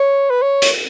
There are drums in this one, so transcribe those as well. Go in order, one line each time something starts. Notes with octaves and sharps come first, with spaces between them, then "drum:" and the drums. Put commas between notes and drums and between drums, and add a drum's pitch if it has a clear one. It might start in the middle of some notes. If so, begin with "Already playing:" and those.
Already playing: C#5
B4
C#5
drum: hi-hat